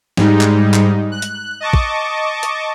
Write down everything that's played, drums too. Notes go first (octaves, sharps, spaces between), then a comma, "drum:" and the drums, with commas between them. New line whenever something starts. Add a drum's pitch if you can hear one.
G#2 G3 G#3 D#4, drum: snare
drum: clap
drum: clap
F#6
drum: hi-hat
D#5 A5 C#6 D6
drum: kick
drum: hi-hat